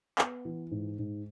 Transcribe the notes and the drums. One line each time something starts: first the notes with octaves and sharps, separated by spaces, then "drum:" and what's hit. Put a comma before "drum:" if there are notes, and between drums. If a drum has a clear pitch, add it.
B3, drum: clap
E3
G#2
G#2